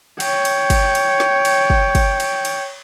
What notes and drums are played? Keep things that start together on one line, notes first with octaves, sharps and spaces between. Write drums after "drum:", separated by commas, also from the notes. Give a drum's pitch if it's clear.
C#5 G5, drum: cymbal
drum: cymbal
drum: kick, cymbal
drum: cymbal
drum: snare
drum: cymbal
drum: kick
drum: kick, cymbal
drum: cymbal
drum: cymbal